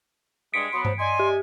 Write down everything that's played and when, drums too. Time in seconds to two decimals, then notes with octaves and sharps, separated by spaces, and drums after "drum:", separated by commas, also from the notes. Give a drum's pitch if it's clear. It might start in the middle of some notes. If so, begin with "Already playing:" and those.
0.54 G2 G#3 B6 C#7 D7
0.72 F#3 B3 C6
0.85 C5, drum: tom G2
0.99 D5 D#5 G#5 C6
1.20 G4